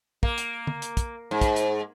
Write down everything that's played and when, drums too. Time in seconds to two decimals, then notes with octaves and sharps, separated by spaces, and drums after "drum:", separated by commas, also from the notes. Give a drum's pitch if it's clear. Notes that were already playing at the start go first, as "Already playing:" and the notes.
0.23 A#3, drum: kick
0.38 drum: hi-hat
0.67 drum: tom
0.82 drum: hi-hat
0.97 drum: kick, hi-hat
1.31 G#2
1.41 drum: kick, hi-hat
1.56 drum: hi-hat